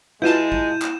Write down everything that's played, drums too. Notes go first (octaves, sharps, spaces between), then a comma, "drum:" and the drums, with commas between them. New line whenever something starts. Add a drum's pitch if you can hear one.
B2 G#3 E4 F4 A5 G6 D#7 E7
drum: kick
drum: clap